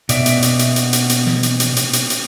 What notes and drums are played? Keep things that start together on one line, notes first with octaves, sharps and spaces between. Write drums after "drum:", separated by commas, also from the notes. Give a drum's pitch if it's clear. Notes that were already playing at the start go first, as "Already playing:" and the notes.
B2 D5 E5, drum: hi-hat
drum: hi-hat
drum: hi-hat
drum: hi-hat
drum: hi-hat
drum: hi-hat
drum: hi-hat
drum: snare
drum: hi-hat
drum: hi-hat
drum: hi-hat
drum: hi-hat
drum: hi-hat